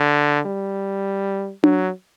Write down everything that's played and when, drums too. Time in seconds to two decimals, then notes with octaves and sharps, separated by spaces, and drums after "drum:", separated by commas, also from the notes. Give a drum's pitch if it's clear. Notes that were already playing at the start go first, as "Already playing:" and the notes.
Already playing: D3
0.46 G3
1.64 F#3, drum: tom D4